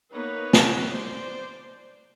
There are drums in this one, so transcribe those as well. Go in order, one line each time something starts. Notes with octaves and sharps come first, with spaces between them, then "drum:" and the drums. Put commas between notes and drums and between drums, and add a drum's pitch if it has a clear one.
A#3 B3 D#4 B4 C#5
drum: snare
C5 D5